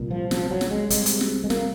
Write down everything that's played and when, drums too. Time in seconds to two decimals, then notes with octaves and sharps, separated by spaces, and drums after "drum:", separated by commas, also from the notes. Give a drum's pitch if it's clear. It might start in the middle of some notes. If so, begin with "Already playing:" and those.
Already playing: C2 A#2
0.11 F3
0.31 F3, drum: snare
0.51 F#3
0.61 drum: snare
0.71 G#3
0.90 C2 C3 G#3, drum: hi-hat
1.06 drum: hi-hat
1.21 drum: snare
1.44 G#3
1.50 A#3, drum: snare